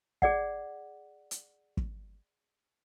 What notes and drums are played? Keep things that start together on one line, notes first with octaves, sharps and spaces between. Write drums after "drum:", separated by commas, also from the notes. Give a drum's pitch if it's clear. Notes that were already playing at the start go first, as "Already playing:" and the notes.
G#4 D5 F#5, drum: kick
drum: hi-hat
drum: kick